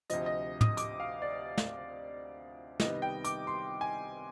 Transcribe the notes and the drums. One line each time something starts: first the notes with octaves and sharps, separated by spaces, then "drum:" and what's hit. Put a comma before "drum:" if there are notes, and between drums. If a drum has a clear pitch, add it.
D2 C3 F3 D#5, drum: hi-hat
D#5
D#6, drum: tom
D6, drum: hi-hat
F5
D5
drum: snare
C2 C3 D#3 G3 B3 D#5, drum: snare
G5
D6, drum: hi-hat
C6
G#5